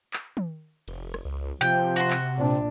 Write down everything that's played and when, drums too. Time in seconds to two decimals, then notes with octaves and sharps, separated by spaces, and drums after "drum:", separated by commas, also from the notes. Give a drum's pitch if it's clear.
0.13 drum: clap
0.37 drum: tom
0.88 F1, drum: cymbal
1.14 drum: rim click
1.25 C#2
1.61 C3 F3 G5
1.96 F#4 C6
2.11 drum: clap
2.38 A#2 C4 D4
2.50 drum: tambourine